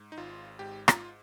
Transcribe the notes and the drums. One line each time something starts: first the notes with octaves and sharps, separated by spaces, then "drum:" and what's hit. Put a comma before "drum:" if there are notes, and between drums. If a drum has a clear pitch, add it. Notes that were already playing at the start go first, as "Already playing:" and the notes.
Already playing: G#2
D#4
G#1 F4
G#2 G4
F4, drum: rim click